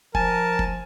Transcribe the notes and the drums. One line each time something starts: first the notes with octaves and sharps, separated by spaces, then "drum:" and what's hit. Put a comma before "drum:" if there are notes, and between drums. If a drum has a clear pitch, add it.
F3 A#4 G#5 A5, drum: kick F1
drum: kick F1